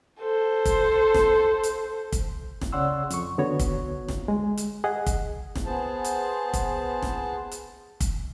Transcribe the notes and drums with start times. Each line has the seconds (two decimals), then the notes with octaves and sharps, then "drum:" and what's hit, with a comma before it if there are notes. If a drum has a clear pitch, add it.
0.20 A4 C5
0.65 drum: kick, hi-hat
1.14 drum: snare
1.63 drum: hi-hat
2.12 drum: kick, hi-hat
2.61 drum: snare
2.72 C#3 C#5 D5 F#5 C6 E6
3.10 F2 C#6, drum: hi-hat
3.38 D3 B3 F#4 C#5
3.59 drum: kick, hi-hat
4.08 drum: snare
4.28 G#3
4.57 drum: hi-hat
4.84 G#4 D#5 F#5
5.06 drum: kick, hi-hat
5.55 drum: snare
5.66 B3 G#4 C5 A5
6.04 drum: hi-hat
6.54 drum: kick, hi-hat
7.03 drum: snare
7.52 drum: hi-hat
8.01 drum: kick, hi-hat